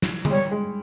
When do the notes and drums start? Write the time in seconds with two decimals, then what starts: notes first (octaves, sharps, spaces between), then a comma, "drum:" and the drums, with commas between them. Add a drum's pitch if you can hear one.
0.02 drum: snare
0.25 G#3, drum: tom D3
0.30 G3 C#5
0.51 G#3